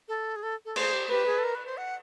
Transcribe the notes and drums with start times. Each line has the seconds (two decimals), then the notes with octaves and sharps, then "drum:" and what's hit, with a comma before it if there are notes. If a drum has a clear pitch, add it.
0.08 A4
0.36 G#4
0.43 A4
0.65 A4
0.76 G#4 C5, drum: cymbal
0.93 G4
1.09 G4 B4
1.26 G#4
1.38 A4
1.44 A#4
1.55 B4
1.66 C5
1.77 F#5